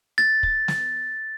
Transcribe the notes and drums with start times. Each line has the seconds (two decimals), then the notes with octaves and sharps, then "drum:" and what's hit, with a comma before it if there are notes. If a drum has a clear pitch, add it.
0.18 A6
0.43 drum: kick
0.68 drum: snare